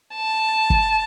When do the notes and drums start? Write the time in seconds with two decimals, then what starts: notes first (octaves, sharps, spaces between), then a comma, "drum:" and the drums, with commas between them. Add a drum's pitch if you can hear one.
0.15 A5
0.70 drum: kick